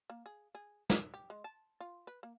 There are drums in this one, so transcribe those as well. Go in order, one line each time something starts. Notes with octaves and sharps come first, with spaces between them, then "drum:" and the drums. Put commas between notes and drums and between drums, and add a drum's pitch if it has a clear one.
A#3
G#4
G#4
A4, drum: snare
G4
G#3
A5
F4
B4
A#3